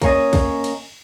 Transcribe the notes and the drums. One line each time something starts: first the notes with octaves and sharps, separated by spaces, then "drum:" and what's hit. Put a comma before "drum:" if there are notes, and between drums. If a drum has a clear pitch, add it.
A#3 C#4 C#5 D#5, drum: kick, cymbal
drum: kick, cymbal
drum: cymbal